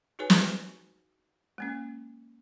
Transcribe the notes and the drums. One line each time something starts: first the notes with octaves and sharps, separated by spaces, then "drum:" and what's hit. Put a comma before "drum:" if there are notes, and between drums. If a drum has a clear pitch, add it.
D#4 F#4 G#4 B4 C#5 G#5
drum: snare
G#3 A#3 C#4